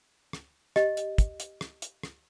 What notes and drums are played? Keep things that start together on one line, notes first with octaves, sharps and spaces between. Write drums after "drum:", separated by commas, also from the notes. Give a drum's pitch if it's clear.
drum: rim click
G4 D#5, drum: rim click
drum: hi-hat
drum: kick, hi-hat
drum: hi-hat
drum: rim click
drum: hi-hat
drum: rim click